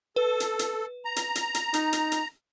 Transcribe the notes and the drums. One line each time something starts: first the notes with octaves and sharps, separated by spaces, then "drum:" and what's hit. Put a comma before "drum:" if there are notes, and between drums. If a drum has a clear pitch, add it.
A4 B4
drum: hi-hat
drum: hi-hat
A#5
drum: hi-hat
drum: hi-hat
drum: hi-hat
D#4, drum: hi-hat
drum: hi-hat
drum: hi-hat